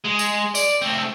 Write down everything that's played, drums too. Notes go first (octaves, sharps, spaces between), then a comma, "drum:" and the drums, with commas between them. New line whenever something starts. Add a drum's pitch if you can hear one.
G#3
drum: tambourine
D5, drum: tambourine
A3 C4